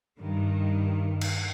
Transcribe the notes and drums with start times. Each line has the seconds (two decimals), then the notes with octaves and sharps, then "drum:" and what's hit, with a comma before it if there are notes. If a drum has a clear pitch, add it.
0.19 G2 D#3
1.21 drum: cymbal